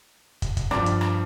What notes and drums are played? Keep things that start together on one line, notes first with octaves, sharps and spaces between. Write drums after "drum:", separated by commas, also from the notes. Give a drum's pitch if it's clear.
drum: kick, hi-hat
drum: kick, hi-hat
G2 F3 D5 D6, drum: rim click
drum: hi-hat
drum: rim click